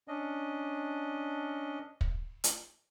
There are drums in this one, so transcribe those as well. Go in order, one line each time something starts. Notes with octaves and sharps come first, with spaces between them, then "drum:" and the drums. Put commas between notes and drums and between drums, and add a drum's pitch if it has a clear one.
C#4 D4 D#5
drum: kick
drum: hi-hat